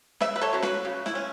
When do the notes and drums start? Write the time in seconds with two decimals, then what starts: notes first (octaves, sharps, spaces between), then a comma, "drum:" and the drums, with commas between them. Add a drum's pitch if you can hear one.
0.20 C#3 B4 E5, drum: snare
0.36 B4
0.41 A4 C#5
0.53 F#3 C#4
0.62 F#4 B4, drum: snare
0.85 C#3
1.06 E4, drum: snare
1.15 C#4